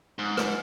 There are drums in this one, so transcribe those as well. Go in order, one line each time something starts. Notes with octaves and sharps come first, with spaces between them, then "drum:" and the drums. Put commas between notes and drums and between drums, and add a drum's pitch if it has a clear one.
G#2
drum: rim click